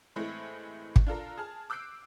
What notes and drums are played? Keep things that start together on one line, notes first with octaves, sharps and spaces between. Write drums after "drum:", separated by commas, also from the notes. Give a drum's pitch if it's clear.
A2 E3 G#3 A3 C4 E4
drum: kick
D4 F4 A4 A#4
G#4 A5 F6
D6 E6 F#6 G6 C7 D7